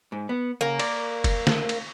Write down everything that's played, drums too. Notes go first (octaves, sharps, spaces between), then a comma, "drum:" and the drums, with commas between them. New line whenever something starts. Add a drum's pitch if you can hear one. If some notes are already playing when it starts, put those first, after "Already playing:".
G#2
B3
C#3 A#3
D5, drum: cymbal
drum: kick F1, cymbal
drum: snare
drum: cymbal